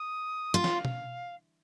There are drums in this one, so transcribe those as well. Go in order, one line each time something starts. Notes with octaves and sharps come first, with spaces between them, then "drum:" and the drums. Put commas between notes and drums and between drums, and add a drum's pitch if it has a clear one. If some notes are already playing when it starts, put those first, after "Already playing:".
Already playing: D#6
F4 F5
drum: snare
drum: tom